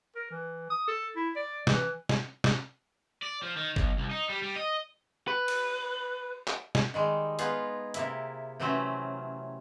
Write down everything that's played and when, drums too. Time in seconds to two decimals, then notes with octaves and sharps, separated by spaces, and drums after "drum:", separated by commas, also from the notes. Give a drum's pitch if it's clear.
0.16 A#4
0.31 E3
0.70 D#6
0.88 A4
1.16 E4
1.36 D5
1.67 E3, drum: snare
2.09 drum: snare
2.44 drum: snare
3.23 D5
3.43 F3
3.57 D#3
3.76 B1, drum: kick
3.98 C2
4.11 D#4
4.30 G3
4.43 G3
4.56 D#5
5.28 B4
5.48 drum: cymbal
6.47 drum: clap
6.75 drum: snare
6.94 D#3 G3 G#3
7.39 B3 D#4 F4 G#4 F5, drum: hi-hat
7.94 C3 A#3 E4, drum: hi-hat
8.60 C3 E3 F#3 A3 C4 C#4